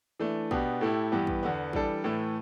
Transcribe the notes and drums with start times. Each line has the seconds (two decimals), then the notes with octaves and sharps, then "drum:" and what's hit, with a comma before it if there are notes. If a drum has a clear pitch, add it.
0.20 E3 A3 D4
0.51 B2 B3 D4 G4, drum: kick
0.81 A2 A3 E4 G4
1.12 G2 E3 B3 G4
1.27 drum: kick
1.43 E2 D3 B3
1.73 E3 G3 D4 A4, drum: kick
2.04 A2 E3 A3